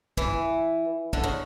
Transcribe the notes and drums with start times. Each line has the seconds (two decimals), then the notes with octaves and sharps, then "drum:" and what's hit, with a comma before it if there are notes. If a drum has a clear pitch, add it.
0.17 E3, drum: kick
1.13 D3, drum: kick
1.24 C#3